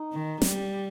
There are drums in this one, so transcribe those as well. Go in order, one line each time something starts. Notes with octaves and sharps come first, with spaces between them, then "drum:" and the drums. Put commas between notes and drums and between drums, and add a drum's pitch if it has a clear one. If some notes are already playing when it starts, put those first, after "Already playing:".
Already playing: D#4
D#3
G3, drum: snare